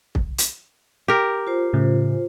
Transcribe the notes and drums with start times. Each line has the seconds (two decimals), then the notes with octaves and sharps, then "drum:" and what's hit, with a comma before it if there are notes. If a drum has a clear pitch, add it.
0.15 drum: kick
0.38 drum: hi-hat
1.08 G4 A#4
1.47 F4 C5
1.73 A2 C#3